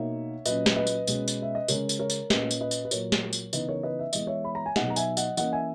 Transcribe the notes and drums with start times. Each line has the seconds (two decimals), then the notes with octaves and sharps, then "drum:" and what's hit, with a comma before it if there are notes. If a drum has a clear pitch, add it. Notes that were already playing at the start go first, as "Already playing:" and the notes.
Already playing: B2 A#3 D#4 C#5 E5
0.46 A#2 F#3 C#4 B4 D#5, drum: tambourine
0.66 drum: snare
0.76 B4 D#5
0.87 drum: tambourine
1.07 B2 G#3 C#4, drum: tambourine
1.28 drum: tambourine
1.42 E5
1.55 D#5
1.68 C#3 G#3 C#4 A#4 C#5, drum: tambourine
1.89 drum: tambourine
1.99 A#4 C#5
2.10 drum: tambourine
2.30 A#2 A#3 C#4 B4 D#5, drum: snare
2.51 drum: tambourine
2.61 B4 D#5
2.71 drum: tambourine
2.85 B4
2.91 A#2 F#3 A#3 A#4 C#5, drum: tambourine
3.12 drum: snare
3.33 drum: tambourine
3.53 C#3 E3 B3 D#4 B4 D#5, drum: tambourine
3.69 A#4 C#5
3.83 B4 D#5
3.99 E5
4.13 E3 G#3 B3 D#5, drum: tambourine
4.27 C#5 E5
4.44 B5
4.55 A#5
4.66 G#5
4.76 B2 F#3 B3 D#4 D#5 F#5, drum: snare
4.90 A#5
4.96 E5 G#5, drum: tambourine
5.17 D#5 F#5, drum: tambourine
5.37 E3 A#3 C#4 D#5 F#5, drum: tambourine
5.53 E5 G#5